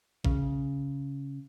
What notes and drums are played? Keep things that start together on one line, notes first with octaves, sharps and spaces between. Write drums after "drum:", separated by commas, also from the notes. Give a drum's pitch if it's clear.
C#3, drum: kick A1